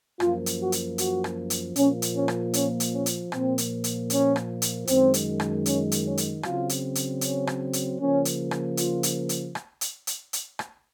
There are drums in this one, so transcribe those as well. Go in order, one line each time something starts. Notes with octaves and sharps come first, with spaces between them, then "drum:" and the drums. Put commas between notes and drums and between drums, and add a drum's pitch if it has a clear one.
F#2 F3 A#3 F4, drum: rim click
drum: hi-hat
F#4
drum: hi-hat
F#4, drum: hi-hat
drum: rim click
drum: hi-hat
A#2 F3 A#3 C#4, drum: hi-hat
drum: hi-hat
C#4
drum: rim click
C#4, drum: hi-hat
drum: hi-hat
C#4
drum: hi-hat
A#2 F3 A#3 C4, drum: rim click
drum: hi-hat
drum: hi-hat
C#4, drum: hi-hat
drum: rim click
drum: hi-hat
F#2 D#3 G#3 C4, drum: hi-hat
drum: hi-hat
drum: rim click
C#4, drum: hi-hat
drum: hi-hat
C#4
drum: hi-hat
C#3 F#3 C4 F4, drum: rim click
drum: hi-hat
drum: hi-hat
C#4, drum: hi-hat
drum: rim click
drum: hi-hat
C#3 F3 A#3 C#4
drum: hi-hat
drum: rim click
F4, drum: hi-hat
drum: hi-hat
drum: hi-hat
drum: rim click
drum: hi-hat
drum: hi-hat
drum: hi-hat
drum: rim click